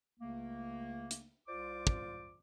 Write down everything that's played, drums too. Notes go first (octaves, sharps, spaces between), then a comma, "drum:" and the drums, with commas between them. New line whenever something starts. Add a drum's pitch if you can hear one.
C#2 C#3 A3 A#3
drum: hi-hat
C2 F4 C5 D5 D6
drum: kick